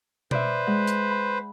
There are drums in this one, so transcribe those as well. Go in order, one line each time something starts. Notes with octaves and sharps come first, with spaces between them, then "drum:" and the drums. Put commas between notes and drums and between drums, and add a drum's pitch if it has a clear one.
B4 C5 D5 E5, drum: tom B2
G#3 F#5
drum: hi-hat
B5